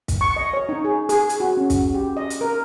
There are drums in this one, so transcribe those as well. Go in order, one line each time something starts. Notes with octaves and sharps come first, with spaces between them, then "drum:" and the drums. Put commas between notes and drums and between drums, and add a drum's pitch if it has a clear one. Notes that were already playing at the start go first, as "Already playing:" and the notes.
drum: kick, hi-hat
C#6
D#5
C#5
D#4
G#4
G#4, drum: hi-hat
drum: hi-hat
F#4
C#4
drum: kick, hi-hat
G4
D#5
drum: hi-hat
A#4